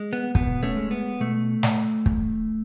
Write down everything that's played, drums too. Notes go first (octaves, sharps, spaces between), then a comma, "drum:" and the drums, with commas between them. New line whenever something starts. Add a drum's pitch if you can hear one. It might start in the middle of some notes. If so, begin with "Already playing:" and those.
Already playing: G#3
B3
B2 B3, drum: kick
A3 C#4
G#3
B3
B2 A3
drum: snare
drum: kick